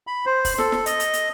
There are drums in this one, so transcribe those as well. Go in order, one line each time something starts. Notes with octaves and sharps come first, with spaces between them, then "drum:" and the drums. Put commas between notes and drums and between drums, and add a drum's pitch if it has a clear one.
B5
C5
drum: kick, open hi-hat
A4, drum: snare
drum: snare
D#5, drum: hi-hat
drum: hi-hat
drum: hi-hat